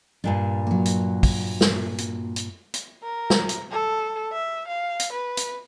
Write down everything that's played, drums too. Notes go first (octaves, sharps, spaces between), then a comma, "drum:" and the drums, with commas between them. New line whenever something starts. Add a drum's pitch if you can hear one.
G2 A#2 G3 D4
F#3 A#3
drum: hi-hat
drum: kick, open hi-hat
drum: snare
drum: hi-hat
drum: hi-hat
drum: hi-hat
A#4
drum: snare
drum: hi-hat
A4
E5
F5
drum: hi-hat
B4
drum: hi-hat